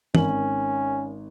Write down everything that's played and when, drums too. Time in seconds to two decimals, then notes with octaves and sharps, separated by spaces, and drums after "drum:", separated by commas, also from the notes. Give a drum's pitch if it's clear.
0.15 G#1 C#4 A#4 F#7, drum: tom